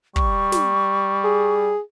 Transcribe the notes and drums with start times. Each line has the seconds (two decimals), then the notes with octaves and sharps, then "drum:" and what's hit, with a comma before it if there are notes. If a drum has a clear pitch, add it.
0.16 G3 C#6, drum: kick
0.52 drum: snare
1.25 G#4